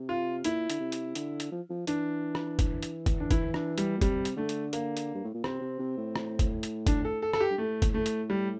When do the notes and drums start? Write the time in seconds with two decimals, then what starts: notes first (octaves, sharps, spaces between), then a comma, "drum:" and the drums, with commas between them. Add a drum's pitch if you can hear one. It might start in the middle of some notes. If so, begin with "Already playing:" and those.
Already playing: C3
0.09 F4
0.44 A#2 E4, drum: hi-hat
0.70 D3, drum: hi-hat
0.80 C3
0.92 drum: hi-hat
1.15 D3, drum: hi-hat
1.40 drum: hi-hat
1.52 F3
1.70 F3
1.87 E3 D4, drum: hi-hat
2.35 drum: rim click
2.59 drum: kick, hi-hat
2.83 drum: hi-hat
3.06 drum: kick, hi-hat
3.20 D4
3.31 E3 E4, drum: kick, hi-hat
3.54 D4, drum: rim click
3.78 G3, drum: hi-hat
3.97 A#2
4.01 C3 G3, drum: kick, hi-hat
4.25 drum: hi-hat
4.37 D3 A3
4.49 drum: hi-hat
4.73 A#3, drum: hi-hat
4.97 drum: hi-hat
5.15 G2
5.24 A2
5.34 A#2
5.44 C3 C4, drum: rim click
5.62 C3
5.79 C3
5.98 A2
6.16 drum: rim click
6.39 drum: kick, hi-hat
6.63 drum: hi-hat
6.87 D4, drum: kick, hi-hat
7.05 A4
7.22 A4
7.33 A4, drum: rim click
7.40 G4
7.50 G2
7.58 A2 A3
7.82 drum: kick, hi-hat
7.94 A3
8.06 drum: hi-hat
8.30 G3